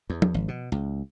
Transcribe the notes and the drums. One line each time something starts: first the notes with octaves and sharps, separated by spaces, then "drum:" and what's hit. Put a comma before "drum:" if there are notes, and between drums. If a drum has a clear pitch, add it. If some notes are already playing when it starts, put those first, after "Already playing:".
E2
drum: tom F3
G#1
B2
C#2